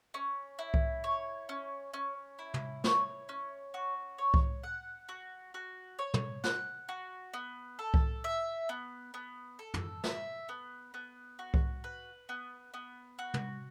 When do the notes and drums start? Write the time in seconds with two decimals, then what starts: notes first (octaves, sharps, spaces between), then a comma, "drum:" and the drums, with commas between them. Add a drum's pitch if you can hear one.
0.14 C#4
0.59 E4
0.74 drum: kick C2
1.04 C#5
1.49 C#4
1.94 C#4
2.39 E4
2.54 drum: tom
2.84 C#5, drum: snare
3.29 C#4
3.74 F#4
4.18 C#5
4.34 drum: kick C2
4.64 F#5
5.09 F#4
5.54 F#4
5.99 C#5
6.14 drum: tom
6.44 F#5, drum: snare
6.89 F#4
7.34 B3
7.79 A4
7.94 drum: kick C2
8.24 E5
8.69 B3
9.14 B3
9.59 A4
9.74 drum: tom
10.04 E5, drum: snare
10.49 B3
10.94 B3
11.39 F#4
11.54 drum: kick C2
11.84 B4
12.29 B3
12.74 B3
13.19 F#4
13.34 drum: tom